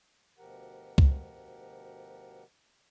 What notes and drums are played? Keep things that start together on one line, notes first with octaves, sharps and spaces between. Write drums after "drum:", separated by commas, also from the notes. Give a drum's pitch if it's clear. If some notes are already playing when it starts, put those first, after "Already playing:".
D2 B2 F3 G4 A#4 F#5
drum: kick C#2